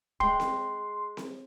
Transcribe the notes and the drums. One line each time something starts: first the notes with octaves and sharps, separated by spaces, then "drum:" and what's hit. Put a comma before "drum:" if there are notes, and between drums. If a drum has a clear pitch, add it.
G#3 G5 C6, drum: kick
drum: snare C4
drum: snare C4